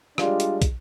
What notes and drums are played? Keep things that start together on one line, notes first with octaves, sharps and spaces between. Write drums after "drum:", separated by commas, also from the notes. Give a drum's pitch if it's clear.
G3 G#3 D4 F4, drum: rim click
drum: hi-hat
drum: kick, hi-hat